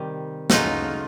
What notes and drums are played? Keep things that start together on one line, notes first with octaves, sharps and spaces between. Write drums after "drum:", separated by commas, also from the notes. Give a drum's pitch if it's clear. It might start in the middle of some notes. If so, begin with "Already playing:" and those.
Already playing: C3 D#3 G3
C#3 F#3 A3 D#4 F4, drum: snare